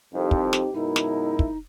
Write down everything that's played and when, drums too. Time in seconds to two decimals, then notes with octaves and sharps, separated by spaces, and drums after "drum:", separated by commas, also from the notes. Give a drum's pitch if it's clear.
0.14 C2 F2 C4 D#4 G4
0.31 drum: kick
0.53 drum: snare
0.74 F#2 B2 G#3 D#4 E4 A#4
0.96 drum: snare
1.39 drum: kick